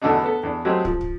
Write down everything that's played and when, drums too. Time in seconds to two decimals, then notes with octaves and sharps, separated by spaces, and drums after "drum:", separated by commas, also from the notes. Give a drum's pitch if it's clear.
0.02 E2 B2 D3 A3 D4 D#4
0.24 B3 A4
0.43 E2 D4
0.65 F#3 G#3 A3 C4 G4
0.85 F3, drum: kick
1.01 drum: kick